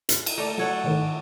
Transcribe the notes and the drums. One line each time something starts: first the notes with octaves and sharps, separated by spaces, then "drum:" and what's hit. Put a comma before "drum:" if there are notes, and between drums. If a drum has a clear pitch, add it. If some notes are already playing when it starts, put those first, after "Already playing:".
drum: hi-hat
drum: cymbal
A3 D5 A5 A#5
F#3 A4 C#5 F#5
G#1 A2 D#3